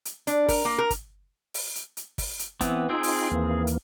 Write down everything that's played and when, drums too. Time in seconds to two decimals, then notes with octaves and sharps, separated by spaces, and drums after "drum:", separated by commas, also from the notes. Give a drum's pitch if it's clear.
0.05 drum: hi-hat
0.27 D4, drum: hi-hat
0.48 A#4, drum: kick, open hi-hat
0.65 A#3
0.78 A#4
0.90 drum: kick, hi-hat
1.54 drum: open hi-hat
1.76 drum: hi-hat
1.97 drum: hi-hat
2.18 drum: kick, open hi-hat
2.39 drum: hi-hat
2.61 E3 B3 C4, drum: kick, hi-hat
2.89 C4 D#4 F4 G#4 G5 E6
3.03 drum: open hi-hat
3.31 D#2 E3 A#3
3.67 drum: hi-hat